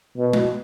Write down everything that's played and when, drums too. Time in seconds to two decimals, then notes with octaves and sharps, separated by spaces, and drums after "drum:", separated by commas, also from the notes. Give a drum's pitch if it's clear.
0.18 B2
0.33 drum: tom G#3